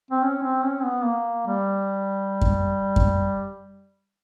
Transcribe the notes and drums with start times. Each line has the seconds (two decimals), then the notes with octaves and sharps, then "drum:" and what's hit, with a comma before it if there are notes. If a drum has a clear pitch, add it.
0.10 C4
0.23 C#4
0.43 C4
0.64 C#4
0.80 C4
0.84 B3
1.04 A#3
1.46 G3
2.41 drum: kick F#2
2.96 drum: kick F#2